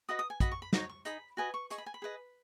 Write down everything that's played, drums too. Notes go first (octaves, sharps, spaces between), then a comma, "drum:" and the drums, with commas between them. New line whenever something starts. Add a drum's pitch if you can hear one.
F#4 B4 D#5 D#6
D#6
G#5
F#4 D#5 B5, drum: kick, hi-hat
C#6
B5
D#4 F#4 C#5, drum: snare
C#6
D#4 G#4 D#5 B5, drum: hi-hat
F#4 B4 D#5 G#5
C#6
G#4 D#5 C#6, drum: hi-hat
B5
G#5
B5
G#4 B4 D#5